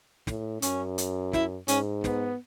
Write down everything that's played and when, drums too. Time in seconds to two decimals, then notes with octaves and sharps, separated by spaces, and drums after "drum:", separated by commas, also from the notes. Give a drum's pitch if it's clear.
0.27 A2, drum: snare
0.62 F#2 C#4, drum: hi-hat
0.98 drum: hi-hat
1.33 E4, drum: snare
1.68 G#2 C#4, drum: hi-hat
2.04 B3, drum: snare